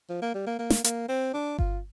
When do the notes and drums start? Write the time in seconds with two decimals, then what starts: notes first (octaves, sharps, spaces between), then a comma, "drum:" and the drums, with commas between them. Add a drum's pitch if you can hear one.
0.09 F3
0.22 A#3
0.35 G3
0.47 A#3
0.59 A#3
0.70 drum: snare
0.84 A#3, drum: hi-hat
1.08 C4
1.34 D4
1.59 F4, drum: kick G1